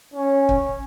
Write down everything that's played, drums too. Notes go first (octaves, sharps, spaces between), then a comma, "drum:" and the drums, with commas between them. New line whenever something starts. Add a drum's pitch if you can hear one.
C#4
drum: kick